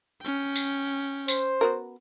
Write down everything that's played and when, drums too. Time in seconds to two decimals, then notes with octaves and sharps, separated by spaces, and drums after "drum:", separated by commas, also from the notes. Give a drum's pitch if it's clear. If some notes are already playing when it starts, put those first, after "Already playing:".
0.22 C#4 G5
0.56 drum: tambourine
1.28 C5, drum: tambourine
1.61 B3 F#4 A#4